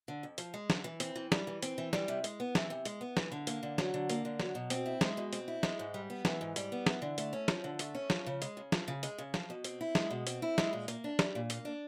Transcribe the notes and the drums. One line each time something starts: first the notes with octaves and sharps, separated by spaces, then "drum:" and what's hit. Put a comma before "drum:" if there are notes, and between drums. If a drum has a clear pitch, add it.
D3
F2
F3, drum: hi-hat
G#3
D3, drum: snare
E3
C4, drum: hi-hat
E3
G3, drum: snare
E3
C4, drum: hi-hat
E3
G3, drum: snare
C3
G#3, drum: hi-hat
B3
E3, drum: snare
C3
G#3, drum: hi-hat
B3
E3, drum: snare
D3
A#3, drum: hi-hat
D3
F#3, drum: snare
D3
A#3, drum: hi-hat
D3
F#3, drum: snare
B2
C4, drum: hi-hat
E4
G#3, drum: snare
B2
C4, drum: hi-hat
E4
G#3, drum: snare
G#2
G3
B3
E3, drum: snare
G#2
G3, drum: hi-hat
B3
E3, drum: snare
D3
A3, drum: hi-hat
C#4
F3, drum: snare
D3
A3, drum: hi-hat
C#4
F3, drum: snare
C#3
G#3, drum: hi-hat
C#3
F3, drum: snare
C#3
G#3, drum: hi-hat
C#3
F3, drum: snare
B2
C4, drum: hi-hat
E4
G#3, drum: snare
B2
C4, drum: hi-hat
E4
G#3, drum: snare
A#2
A#3, drum: hi-hat
D4
G3, drum: snare
A#2
A#3, drum: hi-hat
D4